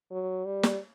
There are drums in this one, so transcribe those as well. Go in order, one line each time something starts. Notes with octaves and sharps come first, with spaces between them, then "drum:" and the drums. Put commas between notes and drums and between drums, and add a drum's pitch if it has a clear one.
F#3
G3
drum: snare